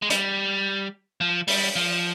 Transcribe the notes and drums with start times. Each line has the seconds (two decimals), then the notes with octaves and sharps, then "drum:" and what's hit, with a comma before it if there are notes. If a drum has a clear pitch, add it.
0.02 G#3
0.10 G3, drum: hi-hat
1.21 F3
1.48 G3, drum: open hi-hat
1.76 F3